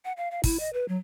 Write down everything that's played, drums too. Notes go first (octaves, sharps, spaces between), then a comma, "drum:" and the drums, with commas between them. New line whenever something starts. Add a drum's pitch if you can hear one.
F#5
F5
F5
E4, drum: kick, open hi-hat
D#5
B4
F#3